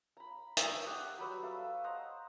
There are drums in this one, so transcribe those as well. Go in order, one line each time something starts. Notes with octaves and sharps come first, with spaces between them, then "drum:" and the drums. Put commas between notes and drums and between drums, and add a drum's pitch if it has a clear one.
A#5 B5
E5 C#6 D#6, drum: hi-hat
G4 F#5
F#3 G3 B4 C#6
A4 E5 F5
C5 D#5 F#5 A#5